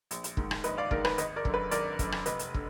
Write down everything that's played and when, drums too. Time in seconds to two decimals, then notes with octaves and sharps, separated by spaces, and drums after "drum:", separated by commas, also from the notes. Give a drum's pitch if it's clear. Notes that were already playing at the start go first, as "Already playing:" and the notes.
0.11 A#1, drum: hi-hat
0.24 drum: hi-hat
0.37 G#2 D#3, drum: kick
0.51 drum: rim click
0.64 A#1 B4 D#5, drum: hi-hat
0.78 D5 F5
0.91 G#2 D#3 A#4 D5, drum: kick
1.05 B4, drum: rim click
1.18 G#1 B4 D#5, drum: hi-hat
1.36 A#4 D5
1.45 F#2 D3, drum: kick
1.54 B4
1.71 G#1 A#4 D5, drum: hi-hat
1.99 F#2 D3, drum: kick, hi-hat
2.12 drum: rim click
2.26 F1 B4 D#5, drum: hi-hat
2.39 drum: hi-hat
2.54 D3, drum: kick